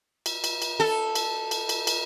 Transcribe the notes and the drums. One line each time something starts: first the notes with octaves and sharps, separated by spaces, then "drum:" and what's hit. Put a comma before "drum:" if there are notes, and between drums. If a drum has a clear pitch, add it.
drum: cymbal
drum: cymbal
drum: cymbal
A4
drum: cymbal
drum: cymbal
drum: cymbal
drum: cymbal